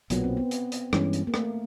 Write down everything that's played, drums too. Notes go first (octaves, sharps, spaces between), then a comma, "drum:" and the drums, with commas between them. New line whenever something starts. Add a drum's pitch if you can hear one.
B1 A#2 F#3 B3, drum: hi-hat
C4
B3
drum: hi-hat
drum: hi-hat
G2 E3 G#3 C#4, drum: rim click
drum: hi-hat
A#3
A3, drum: rim click